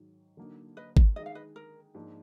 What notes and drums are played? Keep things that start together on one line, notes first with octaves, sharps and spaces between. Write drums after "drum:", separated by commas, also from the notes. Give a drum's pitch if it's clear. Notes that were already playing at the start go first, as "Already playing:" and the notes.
Already playing: G#2 D#3 F#3
D3 F#3 A#3 D#4
B4 D#5
drum: kick G#1
D#3 G#3 D#4 G#4 D#5
F5
B4 D#5
A#4
G#2 F3 A#3 D4